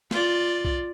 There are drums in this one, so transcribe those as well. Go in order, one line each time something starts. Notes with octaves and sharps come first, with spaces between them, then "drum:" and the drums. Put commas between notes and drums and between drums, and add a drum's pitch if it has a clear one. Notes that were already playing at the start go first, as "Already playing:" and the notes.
F4 D5, drum: snare
drum: kick